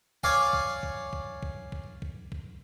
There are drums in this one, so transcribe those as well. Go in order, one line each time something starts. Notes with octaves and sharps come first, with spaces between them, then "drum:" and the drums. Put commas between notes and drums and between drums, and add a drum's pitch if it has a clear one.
C#5 D5 F5 G#5, drum: kick
drum: kick
drum: kick
drum: kick
drum: kick
drum: kick
drum: kick
drum: kick